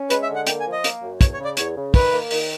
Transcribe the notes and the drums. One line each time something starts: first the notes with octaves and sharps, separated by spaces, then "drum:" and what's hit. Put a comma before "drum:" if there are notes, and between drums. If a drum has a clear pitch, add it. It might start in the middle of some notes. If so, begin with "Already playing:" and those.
Already playing: C#4
G#3 B4, drum: hi-hat
E5
D3
F#5
A#3 G5, drum: hi-hat
G#5
F3
D#5
A#3, drum: hi-hat
F#2
E2 C#5, drum: kick, hi-hat
C#5
C#3
D5
E2 C#5, drum: hi-hat
C#3
D#3 B4, drum: kick, open hi-hat
A#3
D#3, drum: open hi-hat